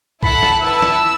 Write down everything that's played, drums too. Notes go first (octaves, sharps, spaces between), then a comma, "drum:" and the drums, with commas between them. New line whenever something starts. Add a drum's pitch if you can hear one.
E4 A4 F#5 A5 B5, drum: kick B1
drum: snare
E4 B4 A5 E6
drum: snare